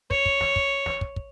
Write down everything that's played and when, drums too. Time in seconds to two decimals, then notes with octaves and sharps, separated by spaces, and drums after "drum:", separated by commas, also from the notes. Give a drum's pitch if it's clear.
0.11 C#5, drum: kick
0.26 drum: kick
0.41 drum: snare
0.56 drum: kick
0.86 drum: snare
1.01 drum: kick
1.16 drum: kick